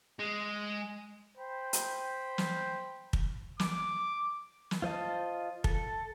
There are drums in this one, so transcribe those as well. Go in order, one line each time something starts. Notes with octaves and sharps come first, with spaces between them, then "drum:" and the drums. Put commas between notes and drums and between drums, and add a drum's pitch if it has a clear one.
G#3
C5 G5 B5
drum: hi-hat
drum: snare
drum: kick
D6, drum: snare
drum: snare
F4 C5 D#5 A5
A4, drum: kick